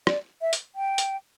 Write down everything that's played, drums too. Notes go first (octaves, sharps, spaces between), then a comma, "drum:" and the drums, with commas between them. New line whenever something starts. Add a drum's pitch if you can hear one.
D5, drum: rim click
E5
drum: hi-hat
G5
drum: hi-hat